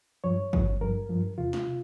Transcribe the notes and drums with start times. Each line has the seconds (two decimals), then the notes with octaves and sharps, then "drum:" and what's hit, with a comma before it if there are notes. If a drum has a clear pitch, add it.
0.24 G2 F3 C#5
0.53 G2 F3, drum: kick
0.81 G2 F3 A#4
1.09 G2 F3
1.38 E2 C3 E3 F4
1.53 drum: snare
1.67 C3